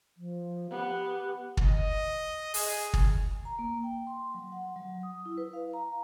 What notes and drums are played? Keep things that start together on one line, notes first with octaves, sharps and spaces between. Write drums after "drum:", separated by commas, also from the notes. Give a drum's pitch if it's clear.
F3
B3 G4
drum: kick
D#5
G#4, drum: open hi-hat
drum: kick
A#5
A#3
G5
C6
F#3
F#5
F#3
D#6
E4
B4
F5
A#5